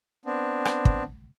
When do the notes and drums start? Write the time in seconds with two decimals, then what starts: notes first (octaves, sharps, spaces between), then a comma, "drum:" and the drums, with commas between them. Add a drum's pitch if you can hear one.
0.25 B3 C4 D4
0.65 drum: rim click
0.85 drum: kick